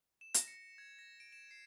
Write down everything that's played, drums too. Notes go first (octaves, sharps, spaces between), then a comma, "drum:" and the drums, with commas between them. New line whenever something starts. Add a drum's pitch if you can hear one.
E7
A#6, drum: hi-hat
C#7
G#6
A#6
D7
E7
C7